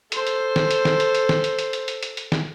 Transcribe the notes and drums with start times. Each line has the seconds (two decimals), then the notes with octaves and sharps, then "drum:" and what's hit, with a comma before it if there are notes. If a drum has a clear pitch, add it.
0.12 A4 C5, drum: hi-hat
0.27 drum: hi-hat
0.56 drum: snare
0.71 drum: hi-hat
0.85 drum: snare
1.00 drum: hi-hat
1.15 drum: hi-hat
1.29 drum: snare
1.44 drum: hi-hat
1.59 drum: hi-hat
1.73 drum: hi-hat
1.88 drum: hi-hat
2.03 drum: hi-hat
2.17 drum: hi-hat
2.32 drum: snare